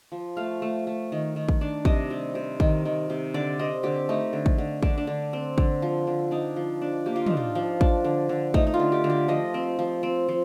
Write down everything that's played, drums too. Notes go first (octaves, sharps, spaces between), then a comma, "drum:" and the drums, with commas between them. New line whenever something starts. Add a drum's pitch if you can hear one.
F3
A3 F5
A3
A3
D#3
D#3
drum: kick
D4
C3 D#5, drum: kick
G3
C3
D#3, drum: kick
D#3
C3
D3 D5
C4 D#5
D3 G4
A3 D#4
D3
drum: kick
D3
D3 D4, drum: kick
D4
D3
C4
D3, drum: kick
F3
D3
D4 D#4
F3
D4
A#3 G4
F4
D4 D#4, drum: tom
F4
F3
D4, drum: kick
D3
D3
A3 D#4, drum: kick
D#4
F4
D3
G4
D3
G4
F3 D#5
C4
F3
C4
F3